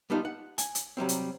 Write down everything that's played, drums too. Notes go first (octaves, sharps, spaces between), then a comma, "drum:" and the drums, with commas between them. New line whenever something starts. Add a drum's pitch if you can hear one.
G3 B3 D4 D#4 F4
F#5
G#5, drum: hi-hat
drum: hi-hat
C3 F#3 G3 C4
drum: hi-hat